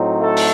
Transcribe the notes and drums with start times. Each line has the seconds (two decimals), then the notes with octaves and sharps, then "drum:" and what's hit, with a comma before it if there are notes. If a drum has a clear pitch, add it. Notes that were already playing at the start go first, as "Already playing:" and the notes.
Already playing: A2 F#3 C4 D#4
0.20 A3 A4
0.37 drum: open hi-hat